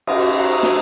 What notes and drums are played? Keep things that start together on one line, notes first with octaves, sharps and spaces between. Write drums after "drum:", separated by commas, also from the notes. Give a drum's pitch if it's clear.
C#4 D#4 D#5 D6 D#6, drum: cymbal
C#6
F#4 C5 A#5 F#6
A#5 D#6 E6
D4, drum: snare